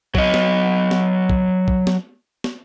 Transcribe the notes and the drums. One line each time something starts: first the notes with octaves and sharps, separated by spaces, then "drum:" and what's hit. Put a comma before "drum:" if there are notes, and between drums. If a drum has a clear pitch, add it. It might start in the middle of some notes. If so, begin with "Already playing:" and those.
F#3 D#5, drum: kick
drum: snare
drum: snare
drum: kick
drum: kick
drum: snare
drum: snare